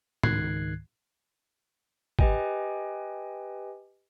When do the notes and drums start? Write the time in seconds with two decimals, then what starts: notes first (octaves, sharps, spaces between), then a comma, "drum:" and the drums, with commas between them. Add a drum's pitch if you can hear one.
0.23 C#2 G#2 D#3 F#6 G#6 C7, drum: tom A2
2.19 G4 B4 D#5 G5 G#5, drum: kick G#1